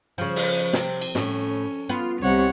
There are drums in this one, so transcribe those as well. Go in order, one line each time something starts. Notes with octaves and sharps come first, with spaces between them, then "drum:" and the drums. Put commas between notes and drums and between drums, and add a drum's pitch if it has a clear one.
C#3 F3
drum: open hi-hat
C3, drum: snare
drum: cymbal
A2 C#4, drum: snare
B3 F4
C2 C3 C#5 F#5